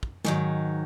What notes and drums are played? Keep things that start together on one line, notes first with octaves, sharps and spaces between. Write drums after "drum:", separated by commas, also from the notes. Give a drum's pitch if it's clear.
drum: kick
G#2 D#3 F#3, drum: snare